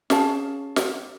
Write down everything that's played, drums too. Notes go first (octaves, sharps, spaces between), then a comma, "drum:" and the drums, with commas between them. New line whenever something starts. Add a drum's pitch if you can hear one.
C#4 G#4 F5 A5, drum: snare
drum: snare